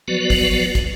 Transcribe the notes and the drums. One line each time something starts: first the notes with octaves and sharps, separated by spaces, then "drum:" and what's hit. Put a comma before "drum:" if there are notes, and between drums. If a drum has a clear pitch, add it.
F3 F#3 B3 F#4 B4 D5
drum: kick, open hi-hat
drum: kick, hi-hat